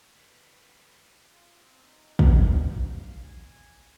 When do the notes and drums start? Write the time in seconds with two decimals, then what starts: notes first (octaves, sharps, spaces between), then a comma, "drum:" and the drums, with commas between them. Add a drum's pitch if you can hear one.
0.16 G3 B3
1.32 F4
1.59 C4
1.83 D#4
2.19 drum: kick
2.31 D#5
2.66 G5
2.91 F5
3.24 G#5